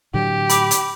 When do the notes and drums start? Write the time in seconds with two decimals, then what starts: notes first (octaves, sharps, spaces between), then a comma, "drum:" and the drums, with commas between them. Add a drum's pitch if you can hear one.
0.14 A2 D3 F#3 G4
0.49 B5 D6, drum: hi-hat
0.71 drum: hi-hat